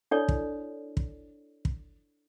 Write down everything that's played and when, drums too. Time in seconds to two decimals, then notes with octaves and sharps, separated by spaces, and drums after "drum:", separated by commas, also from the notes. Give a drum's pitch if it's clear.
0.11 D4 E4 A4 C#5 D5
0.28 drum: kick
0.97 drum: kick
1.65 drum: kick